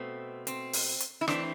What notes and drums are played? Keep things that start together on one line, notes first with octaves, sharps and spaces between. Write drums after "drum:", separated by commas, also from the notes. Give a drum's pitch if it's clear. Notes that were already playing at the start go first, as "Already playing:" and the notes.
Already playing: B2 A3 C4
C4, drum: hi-hat
drum: open hi-hat
drum: hi-hat
E4
E3 A3 C4 D4, drum: rim click